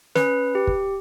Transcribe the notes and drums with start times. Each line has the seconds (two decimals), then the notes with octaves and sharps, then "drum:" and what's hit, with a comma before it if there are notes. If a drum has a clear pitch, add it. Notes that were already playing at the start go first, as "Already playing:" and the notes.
0.15 C#4 B4, drum: snare
0.55 G4
0.67 drum: kick